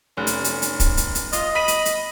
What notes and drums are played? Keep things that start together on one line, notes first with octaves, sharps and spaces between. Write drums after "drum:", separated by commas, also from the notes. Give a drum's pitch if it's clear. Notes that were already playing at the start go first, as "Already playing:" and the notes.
F1 C#4
drum: hi-hat
drum: hi-hat
drum: hi-hat
drum: kick, hi-hat
drum: hi-hat
drum: hi-hat
F4 D#5, drum: hi-hat
B5 B6 D#7
drum: hi-hat
drum: hi-hat